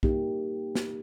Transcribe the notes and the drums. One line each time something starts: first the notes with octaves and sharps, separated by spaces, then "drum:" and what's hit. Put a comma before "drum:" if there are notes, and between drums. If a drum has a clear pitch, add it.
A#3 D#4 G4, drum: kick
drum: snare